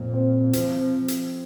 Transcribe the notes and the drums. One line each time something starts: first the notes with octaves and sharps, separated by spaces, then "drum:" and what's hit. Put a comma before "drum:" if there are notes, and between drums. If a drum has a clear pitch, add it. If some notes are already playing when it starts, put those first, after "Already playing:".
Already playing: F2 A#2 C4
C4
F3 C4, drum: hi-hat
drum: hi-hat